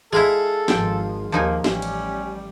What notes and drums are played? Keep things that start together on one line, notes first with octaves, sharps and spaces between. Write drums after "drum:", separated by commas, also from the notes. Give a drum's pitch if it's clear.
G#3 E4 G#4 A4 F5 A#5
G#1 F3 G5, drum: snare
D#2 F3 A#3 D#4 G#5
A1 G3 C#4, drum: snare
drum: cymbal